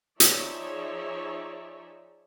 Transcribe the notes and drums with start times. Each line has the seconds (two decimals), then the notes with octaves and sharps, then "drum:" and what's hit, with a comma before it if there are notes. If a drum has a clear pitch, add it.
0.20 F3 D#4 G#4 C#5 D5 E5, drum: hi-hat